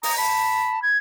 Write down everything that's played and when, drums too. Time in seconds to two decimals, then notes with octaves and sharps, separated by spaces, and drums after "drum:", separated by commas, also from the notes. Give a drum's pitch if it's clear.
0.03 A#5 D#6, drum: open hi-hat
0.18 A5 B5
0.82 G#6